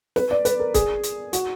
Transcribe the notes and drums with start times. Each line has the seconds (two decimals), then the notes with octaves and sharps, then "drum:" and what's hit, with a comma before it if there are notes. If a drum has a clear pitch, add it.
0.16 B4, drum: snare
0.31 D5
0.45 B4, drum: hi-hat
0.60 A#4
0.74 G#4, drum: kick, hi-hat
1.03 drum: hi-hat
1.33 F#4, drum: hi-hat